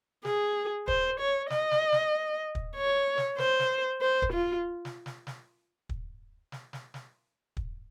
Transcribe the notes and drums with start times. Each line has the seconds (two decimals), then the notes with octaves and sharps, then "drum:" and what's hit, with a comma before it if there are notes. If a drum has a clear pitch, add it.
0.25 G#4, drum: snare
0.88 C5, drum: kick
1.20 C#5
1.50 D#5, drum: snare
1.71 drum: snare
1.92 drum: snare
2.55 drum: kick
2.76 C#5
3.18 drum: snare
3.38 C5, drum: snare
3.59 drum: snare
4.01 C5
4.22 drum: kick
4.33 F4
4.85 drum: snare
5.06 drum: snare
5.27 drum: snare
5.89 drum: kick
6.52 drum: snare
6.73 drum: snare
6.94 drum: snare
7.57 drum: kick